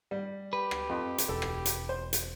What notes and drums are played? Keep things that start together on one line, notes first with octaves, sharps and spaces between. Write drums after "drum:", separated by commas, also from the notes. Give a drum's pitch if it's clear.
G3
G4 B4
drum: rim click
F2
drum: hi-hat
E1 A4
drum: rim click
drum: hi-hat
C5
drum: hi-hat